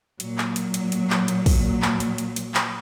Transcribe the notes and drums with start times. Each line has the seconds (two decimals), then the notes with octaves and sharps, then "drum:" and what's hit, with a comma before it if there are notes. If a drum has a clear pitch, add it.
0.20 A#2 F#3, drum: hi-hat
0.38 drum: clap
0.56 drum: hi-hat
0.74 drum: hi-hat
0.92 drum: hi-hat
1.10 drum: clap
1.28 drum: hi-hat
1.46 drum: kick, open hi-hat
1.82 drum: clap
2.00 drum: hi-hat
2.18 drum: hi-hat
2.36 drum: hi-hat
2.54 drum: clap